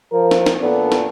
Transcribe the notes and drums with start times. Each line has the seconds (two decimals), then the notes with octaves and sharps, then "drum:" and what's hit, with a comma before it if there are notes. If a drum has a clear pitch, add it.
0.13 F3 A#4
0.31 drum: snare
0.46 drum: snare
0.62 A#2 B3 D4 A4
0.92 drum: snare